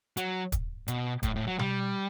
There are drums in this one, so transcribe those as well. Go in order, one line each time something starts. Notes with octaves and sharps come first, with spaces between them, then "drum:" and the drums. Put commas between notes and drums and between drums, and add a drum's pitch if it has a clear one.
F#3, drum: hi-hat
drum: kick, hi-hat
B2, drum: hi-hat
A2, drum: kick, hi-hat
A2
F#3
G3, drum: tom B2